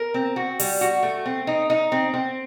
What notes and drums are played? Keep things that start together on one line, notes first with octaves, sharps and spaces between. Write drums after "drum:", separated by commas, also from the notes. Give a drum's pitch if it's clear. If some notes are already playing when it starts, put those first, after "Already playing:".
Already playing: A#4
C4
F#4
G3, drum: open hi-hat
F#4
A3
C4
D#4
D#4
C4
C4